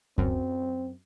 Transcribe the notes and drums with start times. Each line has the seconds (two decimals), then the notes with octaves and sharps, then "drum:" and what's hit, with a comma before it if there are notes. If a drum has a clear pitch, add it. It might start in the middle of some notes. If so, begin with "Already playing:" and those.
0.18 F#2 C4, drum: kick C#2